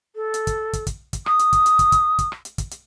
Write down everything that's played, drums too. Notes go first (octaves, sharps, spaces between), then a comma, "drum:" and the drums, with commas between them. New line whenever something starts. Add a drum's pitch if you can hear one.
A4
drum: hi-hat
drum: kick, hi-hat
drum: kick, hi-hat
drum: kick, hi-hat
drum: kick, hi-hat
D#6, drum: rim click
drum: hi-hat
drum: kick, hi-hat
drum: hi-hat
drum: kick, hi-hat
drum: kick, hi-hat
drum: kick, hi-hat
drum: rim click
drum: hi-hat
drum: kick, hi-hat
drum: hi-hat